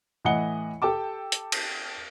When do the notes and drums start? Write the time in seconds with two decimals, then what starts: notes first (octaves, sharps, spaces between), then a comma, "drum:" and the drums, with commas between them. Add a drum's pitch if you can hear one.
0.25 A2 E3 D#5 F#5 C#7 G7
0.82 G4 A4 G5 A5 D6
1.32 drum: hi-hat
1.52 drum: cymbal